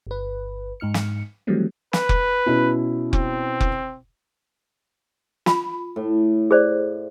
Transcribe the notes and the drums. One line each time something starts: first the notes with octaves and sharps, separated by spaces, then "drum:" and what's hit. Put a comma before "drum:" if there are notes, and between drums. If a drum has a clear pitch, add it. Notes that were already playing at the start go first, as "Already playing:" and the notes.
G1 B4
G#2 D#4 F6 C#7
drum: snare
D#3 E3 F#3 G3 A3 C4
B4, drum: snare
drum: kick F1
B2 C#4 E4
C4, drum: kick F1
drum: kick F1
F4 B5, drum: snare
A2
G#4 C5 D5